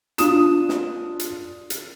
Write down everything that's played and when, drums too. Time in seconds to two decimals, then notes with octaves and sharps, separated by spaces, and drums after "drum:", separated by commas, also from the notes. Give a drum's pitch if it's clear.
0.18 D4 F4 D#6 E7, drum: hi-hat
0.69 drum: snare
1.19 drum: hi-hat
1.70 drum: hi-hat